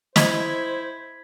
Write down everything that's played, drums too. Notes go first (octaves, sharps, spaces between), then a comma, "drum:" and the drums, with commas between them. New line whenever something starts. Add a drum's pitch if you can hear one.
E4 C5 D#5 G#6 B6, drum: snare